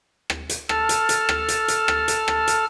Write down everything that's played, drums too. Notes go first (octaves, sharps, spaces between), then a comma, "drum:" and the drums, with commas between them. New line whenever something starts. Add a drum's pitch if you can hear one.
drum: rim click
drum: hi-hat
A4 A5 F6, drum: rim click
drum: hi-hat
drum: hi-hat
drum: rim click
drum: hi-hat
drum: hi-hat
drum: rim click
drum: hi-hat
drum: rim click
drum: hi-hat